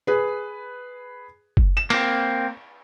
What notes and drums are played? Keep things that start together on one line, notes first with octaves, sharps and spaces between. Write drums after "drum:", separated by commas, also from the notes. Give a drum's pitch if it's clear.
G#4 B4
drum: kick F#1
E7
A#3 C4, drum: cymbal